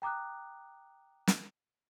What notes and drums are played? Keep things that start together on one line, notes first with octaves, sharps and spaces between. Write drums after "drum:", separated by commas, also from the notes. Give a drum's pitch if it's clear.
G5 A#5 D6 D#6 F#6
drum: snare